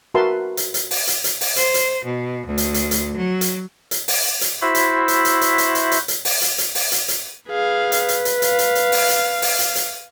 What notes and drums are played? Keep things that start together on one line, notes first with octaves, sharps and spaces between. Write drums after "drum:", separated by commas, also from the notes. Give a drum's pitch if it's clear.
F#4 A#4 B4 E5 A5 C6
drum: hi-hat
drum: hi-hat
drum: open hi-hat
drum: hi-hat
drum: hi-hat
drum: open hi-hat
C5, drum: hi-hat
drum: hi-hat
B2
D2
drum: hi-hat
drum: hi-hat
drum: hi-hat
F#3
drum: hi-hat
drum: hi-hat
drum: open hi-hat
drum: hi-hat
E4 F#4 C5 E5 B5
drum: hi-hat
drum: hi-hat
drum: hi-hat
drum: hi-hat
drum: hi-hat
drum: hi-hat
drum: hi-hat
drum: hi-hat
drum: open hi-hat
drum: hi-hat
drum: hi-hat
drum: open hi-hat
drum: hi-hat
drum: hi-hat
G#4 B4 F5
drum: hi-hat
drum: hi-hat
drum: hi-hat
F5, drum: hi-hat
drum: hi-hat
drum: hi-hat
drum: open hi-hat
drum: hi-hat
drum: open hi-hat
drum: hi-hat
drum: hi-hat